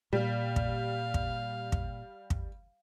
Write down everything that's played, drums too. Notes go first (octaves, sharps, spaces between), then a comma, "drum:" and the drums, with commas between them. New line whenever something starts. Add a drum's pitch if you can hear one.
A#2 G3 F5
drum: kick
drum: kick
drum: kick
drum: kick